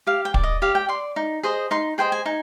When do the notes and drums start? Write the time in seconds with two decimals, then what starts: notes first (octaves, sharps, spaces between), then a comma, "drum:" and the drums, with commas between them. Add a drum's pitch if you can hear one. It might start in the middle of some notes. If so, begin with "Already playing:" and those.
0.07 G4 F5
0.25 G5
0.34 D5, drum: kick
0.43 D#5
0.62 G4 F5
0.75 G5
0.89 D5 C6
1.16 D#4
1.43 G#4 C5 D#5
1.71 D#4 C6
1.98 G#4 C5 D#5 G5
2.12 G#5
2.26 D#4 G#5